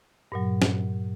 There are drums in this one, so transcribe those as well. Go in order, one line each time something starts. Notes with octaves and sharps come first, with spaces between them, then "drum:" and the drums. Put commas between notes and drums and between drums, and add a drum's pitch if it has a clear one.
G2 A#2 F#3
drum: snare